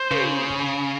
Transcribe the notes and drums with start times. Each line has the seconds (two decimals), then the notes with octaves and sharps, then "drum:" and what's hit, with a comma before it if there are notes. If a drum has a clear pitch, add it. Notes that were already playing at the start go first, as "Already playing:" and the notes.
Already playing: C5
0.11 C#3, drum: tom
0.50 drum: kick